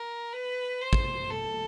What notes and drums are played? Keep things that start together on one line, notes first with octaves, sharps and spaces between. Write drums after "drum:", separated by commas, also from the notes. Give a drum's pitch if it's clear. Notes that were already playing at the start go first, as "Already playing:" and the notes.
Already playing: A#4
B4
C5
drum: kick
A4